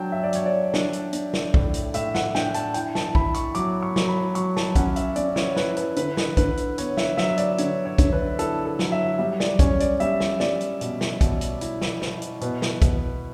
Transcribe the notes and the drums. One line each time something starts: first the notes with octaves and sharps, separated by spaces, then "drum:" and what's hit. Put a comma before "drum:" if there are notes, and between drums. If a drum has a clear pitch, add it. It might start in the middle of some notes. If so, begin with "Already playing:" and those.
Already playing: F#3 D4 G5 A5
E5
D5
F#3 C#5, drum: hi-hat
D5
D4, drum: snare
drum: hi-hat
D4, drum: hi-hat
drum: snare
A2, drum: kick B1
drum: hi-hat
A2 E5, drum: hi-hat
F#5, drum: snare
D4 G5, drum: snare
A5, drum: hi-hat
E4 G5, drum: hi-hat
A5, drum: snare
E4 B5, drum: kick B1
C#6, drum: hi-hat
F#3 D6, drum: hi-hat
C#6
F#3, drum: snare
B5
F#3 C#6, drum: hi-hat
A5, drum: snare
C#4 F#5, drum: kick B1, hi-hat
E5, drum: hi-hat
C#4 D5, drum: hi-hat
C#5, drum: snare
E4 B4, drum: snare
B4, drum: hi-hat
D3 B4, drum: hi-hat
drum: snare
D3 B4, drum: kick B1, hi-hat
drum: hi-hat
B3 C#5, drum: hi-hat
E5, drum: snare
F#3 E5, drum: snare
D5, drum: hi-hat
D3 C#5, drum: hi-hat
C#5
D3, drum: kick B1, hi-hat
B4
E4 A4, drum: hi-hat
A4
F#3, drum: snare
E5
G3 E5
D5, drum: snare
C#4 C#5, drum: kick B1, hi-hat
D5, drum: hi-hat
G3 E5, drum: hi-hat
drum: snare
G3 D5, drum: snare
drum: hi-hat
B2, drum: hi-hat
drum: snare
B2, drum: kick B1, hi-hat
drum: hi-hat
E4, drum: hi-hat
drum: snare
E4, drum: snare
drum: hi-hat
B2 B4, drum: hi-hat
drum: snare
B2 B4, drum: kick B1, hi-hat